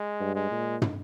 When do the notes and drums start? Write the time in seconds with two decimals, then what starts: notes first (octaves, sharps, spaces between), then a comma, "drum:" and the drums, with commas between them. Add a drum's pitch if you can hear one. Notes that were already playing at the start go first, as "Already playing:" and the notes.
Already playing: G#3
0.20 G2
0.35 G#3
0.51 A#2
0.82 drum: tom